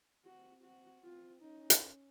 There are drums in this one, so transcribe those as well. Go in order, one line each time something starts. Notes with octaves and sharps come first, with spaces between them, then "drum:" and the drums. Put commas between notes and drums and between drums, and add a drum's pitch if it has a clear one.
C4 F#4
F#4
C4 F4
C#4 D#4
drum: hi-hat